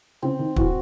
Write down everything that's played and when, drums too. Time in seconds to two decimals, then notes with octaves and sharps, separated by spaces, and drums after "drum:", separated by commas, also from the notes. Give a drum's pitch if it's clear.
0.22 C#3 C4
0.39 D#3
0.56 E3 F#4, drum: kick